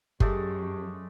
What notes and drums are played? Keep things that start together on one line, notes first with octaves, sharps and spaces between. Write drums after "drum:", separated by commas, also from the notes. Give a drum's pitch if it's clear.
F#2 G#3 A3 G4 G#4 D5, drum: kick G1